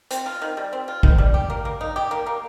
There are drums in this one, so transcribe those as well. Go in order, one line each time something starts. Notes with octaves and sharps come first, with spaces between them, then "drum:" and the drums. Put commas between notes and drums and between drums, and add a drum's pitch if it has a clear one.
C4, drum: hi-hat
F4
D#3
G3
C4
F4
D#3, drum: kick G#1
G3
G4
A#3
A#3
D#4
G4
A#3
A#3